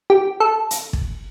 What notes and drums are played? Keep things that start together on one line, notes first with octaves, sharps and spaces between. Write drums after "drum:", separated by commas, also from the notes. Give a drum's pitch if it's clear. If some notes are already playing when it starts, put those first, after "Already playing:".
G4
A4
drum: hi-hat
drum: kick